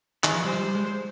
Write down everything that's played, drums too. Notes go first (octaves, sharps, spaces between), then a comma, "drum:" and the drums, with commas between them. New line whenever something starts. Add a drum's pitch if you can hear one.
D#3, drum: clap
F3
G3 C5
G3
G#3